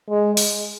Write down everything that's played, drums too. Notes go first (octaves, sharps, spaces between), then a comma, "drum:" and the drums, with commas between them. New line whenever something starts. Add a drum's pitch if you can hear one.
G#3
drum: open hi-hat